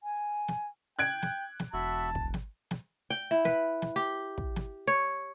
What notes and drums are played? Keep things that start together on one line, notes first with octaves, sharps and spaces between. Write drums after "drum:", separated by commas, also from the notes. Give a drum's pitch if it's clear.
G#5
drum: snare
G5 F#6 G#6 D7
drum: snare
drum: snare
E1 F#4 E5 A5 B5
drum: kick
drum: snare
drum: snare
G5
E4
B4, drum: snare
drum: snare
G4
drum: kick
drum: snare
C#5